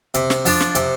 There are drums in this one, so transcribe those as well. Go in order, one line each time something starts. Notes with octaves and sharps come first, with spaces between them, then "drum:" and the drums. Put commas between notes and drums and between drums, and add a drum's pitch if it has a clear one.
C3, drum: hi-hat
drum: snare
F3 D4, drum: open hi-hat
drum: snare
C3, drum: hi-hat